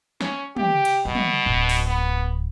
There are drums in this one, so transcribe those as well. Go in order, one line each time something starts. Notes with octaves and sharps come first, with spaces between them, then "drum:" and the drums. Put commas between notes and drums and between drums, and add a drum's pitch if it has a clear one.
C#4, drum: snare
G4, drum: tom
drum: cymbal
B2 G3
drum: tom
D1
drum: open hi-hat
B3